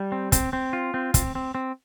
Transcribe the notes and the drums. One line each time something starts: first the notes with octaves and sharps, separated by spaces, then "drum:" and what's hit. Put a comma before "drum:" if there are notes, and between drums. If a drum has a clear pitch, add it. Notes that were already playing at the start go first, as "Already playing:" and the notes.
Already playing: G3
C4
C4, drum: kick, hi-hat
C4
F4
C4
C4, drum: kick, hi-hat
C4
C4